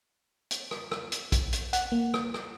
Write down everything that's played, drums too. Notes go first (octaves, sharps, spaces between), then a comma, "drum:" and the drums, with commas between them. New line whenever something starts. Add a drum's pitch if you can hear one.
drum: hi-hat
drum: rim click
drum: rim click
drum: hi-hat
drum: kick, hi-hat
drum: hi-hat
F#5, drum: hi-hat
A#3
drum: rim click
drum: rim click